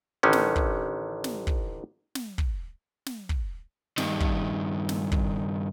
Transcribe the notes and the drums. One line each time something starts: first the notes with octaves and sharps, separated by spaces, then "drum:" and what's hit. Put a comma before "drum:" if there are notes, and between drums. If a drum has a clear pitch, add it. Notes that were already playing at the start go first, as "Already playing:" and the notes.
A1 D3 D#3 C#4
drum: snare
drum: kick
drum: snare
drum: kick
drum: snare
drum: kick
drum: snare
drum: kick
G2 D#3, drum: snare
drum: kick
drum: snare
drum: kick